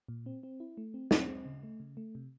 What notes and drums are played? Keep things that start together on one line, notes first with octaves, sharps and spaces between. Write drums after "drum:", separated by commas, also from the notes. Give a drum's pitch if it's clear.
A#2
C4
C4
E4
A3
C4
C4, drum: snare
C4
C#3
A3
C#3
A3
C3